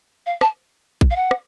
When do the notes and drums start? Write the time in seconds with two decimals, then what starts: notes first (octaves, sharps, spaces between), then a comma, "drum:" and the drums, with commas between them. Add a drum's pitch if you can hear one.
0.26 F5
0.41 A5, drum: rim click
1.01 drum: kick
1.11 F5
1.16 F#5
1.31 drum: rim click